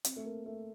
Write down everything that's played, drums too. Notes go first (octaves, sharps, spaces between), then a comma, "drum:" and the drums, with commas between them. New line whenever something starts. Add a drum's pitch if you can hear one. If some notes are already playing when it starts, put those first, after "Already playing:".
C4, drum: hi-hat
A3
A#3
A3